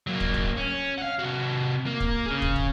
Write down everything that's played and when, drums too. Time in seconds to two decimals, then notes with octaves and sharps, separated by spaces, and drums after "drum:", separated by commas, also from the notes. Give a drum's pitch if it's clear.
0.07 F#3 A#3
0.20 drum: kick
0.34 drum: kick
0.57 C#4
0.98 F5 F#5
1.19 C3 F#4
1.86 A#3
2.00 drum: kick
2.26 C#4 G#4
2.42 drum: kick
2.56 drum: kick